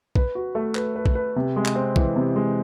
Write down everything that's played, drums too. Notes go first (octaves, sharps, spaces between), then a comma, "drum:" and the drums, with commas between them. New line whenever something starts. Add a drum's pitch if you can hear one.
B4, drum: kick
F#4
A3
B4, drum: clap
B4
drum: kick
B4
C3
G#3
drum: clap
C4
E3, drum: kick
C3
G#3